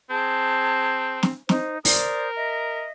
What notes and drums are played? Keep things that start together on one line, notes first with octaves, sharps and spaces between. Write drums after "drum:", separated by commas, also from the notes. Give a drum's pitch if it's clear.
C4 G#4 A5 G6
drum: snare
D#4 C5, drum: snare
A#4 C5 D5 D#6, drum: open hi-hat
D#5 E5